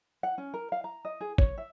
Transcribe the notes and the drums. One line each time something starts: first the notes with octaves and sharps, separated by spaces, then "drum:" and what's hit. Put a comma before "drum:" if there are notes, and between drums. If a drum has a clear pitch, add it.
F#5
C#4
A#4
F5
A#5
D#5
G#4
C#5, drum: kick A1
E5